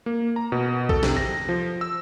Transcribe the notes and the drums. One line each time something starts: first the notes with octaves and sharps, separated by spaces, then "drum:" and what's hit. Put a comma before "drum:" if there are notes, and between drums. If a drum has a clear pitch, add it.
A#3
A#5
B2
A4, drum: kick B1
C3, drum: snare
A#6
F3
E6